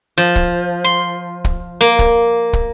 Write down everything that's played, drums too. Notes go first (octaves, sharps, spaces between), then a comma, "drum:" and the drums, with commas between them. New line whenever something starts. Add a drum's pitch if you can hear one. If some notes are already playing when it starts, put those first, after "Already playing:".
F3
drum: kick
C6
drum: kick
A#3
drum: kick
drum: kick